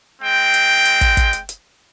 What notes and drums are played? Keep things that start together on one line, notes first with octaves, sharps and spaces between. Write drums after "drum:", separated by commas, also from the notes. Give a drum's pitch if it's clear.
G#3 C4 G5
drum: hi-hat
drum: hi-hat
drum: kick, hi-hat
drum: kick, hi-hat
drum: hi-hat
drum: hi-hat